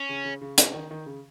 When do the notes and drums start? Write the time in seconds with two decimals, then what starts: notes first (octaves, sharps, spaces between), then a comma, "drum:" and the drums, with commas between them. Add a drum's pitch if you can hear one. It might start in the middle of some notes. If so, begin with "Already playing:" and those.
Already playing: C#4
0.09 C#3
0.25 C#3
0.41 C#3
0.58 C#3, drum: hi-hat
0.74 D#3
0.91 D#3
1.06 C#3